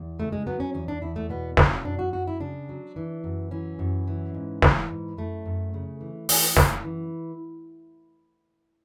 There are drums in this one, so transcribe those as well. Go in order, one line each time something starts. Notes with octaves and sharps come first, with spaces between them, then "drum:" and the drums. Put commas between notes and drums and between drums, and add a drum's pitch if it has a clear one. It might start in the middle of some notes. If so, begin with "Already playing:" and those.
Already playing: E2
C#3 A3
G#3
F#3 B3
C#4
E2 C#4
D4
E2 E4
A3
B2 B3
F#3 C#4, drum: snare
F#2 D4
F#4
F#2 F#4
E4
C#3 D4
F#3
E3
F#2
E3 C#4
F#2
E3
G#2
E3, drum: snare
G#2
F#2 A3
F#2
C#3
E3
E3, drum: open hi-hat
F#2, drum: snare
E3